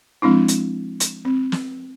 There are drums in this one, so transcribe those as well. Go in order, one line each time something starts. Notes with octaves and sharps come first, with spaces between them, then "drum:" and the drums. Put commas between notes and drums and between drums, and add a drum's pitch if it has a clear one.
F3 G#3 C4 D4 E4
drum: hi-hat
drum: hi-hat
C4
drum: snare